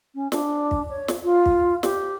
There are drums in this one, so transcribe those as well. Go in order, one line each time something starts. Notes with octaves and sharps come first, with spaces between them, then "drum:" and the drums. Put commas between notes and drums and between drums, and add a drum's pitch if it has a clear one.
C#4
D4, drum: snare
drum: kick
C#5
drum: snare
F4
drum: kick
G4, drum: snare